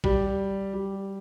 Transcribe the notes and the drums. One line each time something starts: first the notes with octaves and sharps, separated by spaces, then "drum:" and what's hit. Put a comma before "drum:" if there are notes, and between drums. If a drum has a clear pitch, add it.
G3, drum: kick A#1
G3